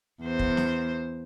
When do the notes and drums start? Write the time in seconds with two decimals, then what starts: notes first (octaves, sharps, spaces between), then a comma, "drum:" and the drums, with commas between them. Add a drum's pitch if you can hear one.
0.21 E2 C5
0.39 drum: kick
0.57 drum: snare